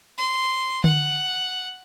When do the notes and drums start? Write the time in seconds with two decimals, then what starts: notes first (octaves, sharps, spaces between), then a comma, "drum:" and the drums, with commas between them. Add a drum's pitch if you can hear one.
0.18 C6
0.84 F#5, drum: tom D3